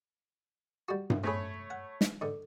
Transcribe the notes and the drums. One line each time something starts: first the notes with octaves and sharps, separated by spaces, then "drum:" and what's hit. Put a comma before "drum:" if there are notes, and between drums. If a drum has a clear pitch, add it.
G3 F#4
drum: tom G2
A3 C4 G#4 C#5 B5
F#5
drum: snare
G#2 D3